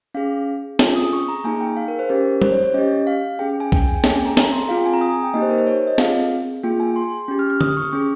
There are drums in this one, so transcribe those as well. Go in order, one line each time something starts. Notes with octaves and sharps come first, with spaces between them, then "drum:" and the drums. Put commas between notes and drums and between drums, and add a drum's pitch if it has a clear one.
C#4 G#4 F5
C#4 F4 G#4 G#5, drum: snare
D#6
C#6
A#5
A#3 D#4 G#4 G#5
G5
F5
A#4
C5
C#4 G4 A#4
C5, drum: tom
C#5
C#5
C#4 G4 D#5
F5
C#4 G#4 G5
G5
G#5
G5, drum: kick B1
G#5
A#3 C#4 G#4 G5, drum: snare
G#5
A#5
A#5, drum: snare
C6
C4 F4 G#4 F5
G5
G#5
A#5
D#6
G#5
G5
A#3 D#4 G4 D#5
C5
A#4
C5
C#5
C#5
D#5
C4 F4 G#4 F5, drum: snare
A#3 F4 G#4 G5
G#5
C6
C#4 G4
F6
F6
D#6, drum: tom D3
C#6
C#4 G#4 C#6